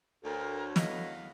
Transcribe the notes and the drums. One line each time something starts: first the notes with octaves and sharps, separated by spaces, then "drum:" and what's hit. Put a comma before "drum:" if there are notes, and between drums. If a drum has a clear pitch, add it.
D2 D3 F#4 A#4 C#5
E2 B3 D#5 F5, drum: snare